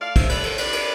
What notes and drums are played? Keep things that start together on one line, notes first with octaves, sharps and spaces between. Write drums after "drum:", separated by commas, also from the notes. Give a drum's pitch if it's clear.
A3 D5 F5
C5 E5, drum: kick, cymbal
D3 B4 D5, drum: cymbal
A4 C5, drum: cymbal
D4 B4 D5, drum: cymbal
drum: cymbal